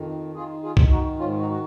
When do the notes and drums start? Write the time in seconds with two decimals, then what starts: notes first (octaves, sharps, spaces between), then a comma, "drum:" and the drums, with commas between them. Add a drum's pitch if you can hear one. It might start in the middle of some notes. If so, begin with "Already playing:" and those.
Already playing: F2 D#3
0.35 D#3 F4 G#4
0.63 F4 G#4
0.77 D#3, drum: kick B1
0.91 D#4 F#4
1.19 G#2 C#4 F4
1.39 D#4 F#4
1.50 F#4